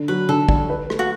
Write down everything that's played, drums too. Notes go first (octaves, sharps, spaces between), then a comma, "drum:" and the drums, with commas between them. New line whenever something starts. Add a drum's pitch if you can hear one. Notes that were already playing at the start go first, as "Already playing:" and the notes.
Already playing: D3
F#3 B4
D3 A4
G3, drum: kick
B4
A3, drum: rim click
F#4